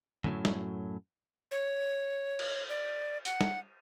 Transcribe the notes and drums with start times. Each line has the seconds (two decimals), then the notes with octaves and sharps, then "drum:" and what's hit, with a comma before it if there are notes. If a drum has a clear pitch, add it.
0.24 F#2 A2 F#3, drum: tom
0.45 drum: snare
1.51 C#5
2.39 drum: cymbal
2.69 D5
3.25 F#5, drum: hi-hat
3.41 drum: snare